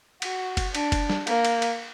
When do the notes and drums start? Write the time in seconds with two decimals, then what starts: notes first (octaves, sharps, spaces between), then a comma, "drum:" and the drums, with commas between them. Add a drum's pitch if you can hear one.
0.22 F#4, drum: cymbal
0.57 drum: kick F#1, cymbal
0.75 D4, drum: cymbal
0.92 drum: kick F#1, cymbal
1.10 drum: snare
1.27 A#3, drum: cymbal
1.45 drum: cymbal
1.62 drum: cymbal